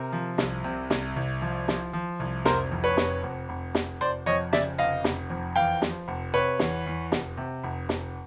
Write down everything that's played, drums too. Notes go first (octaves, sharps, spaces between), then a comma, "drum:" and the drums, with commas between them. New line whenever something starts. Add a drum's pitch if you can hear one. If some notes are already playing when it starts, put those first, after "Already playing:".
Already playing: C3 A#4
F3
C2, drum: snare
C3
C2, drum: snare
C2
F3
F3, drum: snare
F3
C2
F1 A#4 C5, drum: snare
F2
B4 C#5
F1, drum: snare
F1
F1
F1, drum: snare
F1 C5 D5
F2 C#5 D#5
C#3 D5 E5, drum: snare
F1 D#5 F5
F1, drum: snare
F2
E2 F5 G5
F3, drum: snare
F1
C3 B4 C#5
E2, drum: snare
E2
F1, drum: snare
C3
F1
F1, drum: snare